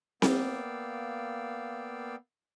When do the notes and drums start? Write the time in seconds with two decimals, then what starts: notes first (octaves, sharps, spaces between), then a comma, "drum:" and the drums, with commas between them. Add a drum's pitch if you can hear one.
0.22 A#3 B3 D5 F5 G5 E6, drum: snare C4